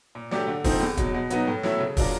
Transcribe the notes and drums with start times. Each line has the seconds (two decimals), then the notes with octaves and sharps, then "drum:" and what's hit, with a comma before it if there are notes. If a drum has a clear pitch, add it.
0.15 A#2
0.31 F#3 A3 D4 G4, drum: snare
0.48 D3
0.64 F3 A3 C4 D#4, drum: kick, open hi-hat
0.80 E2
0.97 B2 F#3, drum: kick, hi-hat
1.14 B2
1.30 F#3 B3 D#4, drum: hi-hat
1.47 A2
1.63 F#3 A3 C#4 E4, drum: snare
1.80 C#3
1.97 F#3 A#3 D4 F4, drum: kick, open hi-hat